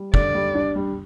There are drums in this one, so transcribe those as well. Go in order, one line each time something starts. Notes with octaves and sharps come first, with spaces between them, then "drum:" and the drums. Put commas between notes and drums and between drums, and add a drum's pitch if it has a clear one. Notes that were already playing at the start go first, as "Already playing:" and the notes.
Already playing: G3
D3 D5, drum: kick
G3
D4
G3